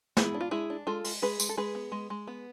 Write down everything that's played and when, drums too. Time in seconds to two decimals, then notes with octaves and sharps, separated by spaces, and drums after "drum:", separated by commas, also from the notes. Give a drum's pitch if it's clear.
0.17 B3 E4 G#4, drum: snare
0.34 D4
0.41 F4
0.51 G#3 E4 G#4
0.70 D4
0.87 G#3 F4 A4
1.04 G#3, drum: open hi-hat
1.22 G#3 G#4 B4
1.40 G#3, drum: tambourine
1.49 A4
1.57 G#3 G#4 B4
1.75 B3
1.92 G#3
2.10 G#3
2.27 B3